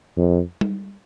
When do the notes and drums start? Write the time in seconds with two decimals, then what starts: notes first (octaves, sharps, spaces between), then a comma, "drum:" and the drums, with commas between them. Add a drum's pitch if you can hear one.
0.17 F2
0.61 drum: tom G3